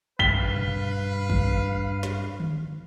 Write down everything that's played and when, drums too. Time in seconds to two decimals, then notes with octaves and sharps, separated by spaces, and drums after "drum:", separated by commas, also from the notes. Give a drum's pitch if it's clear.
0.19 G2 B4 F5 B6 G7, drum: kick
0.56 drum: tom A#2
1.30 drum: kick
2.03 drum: snare
2.40 drum: tom D3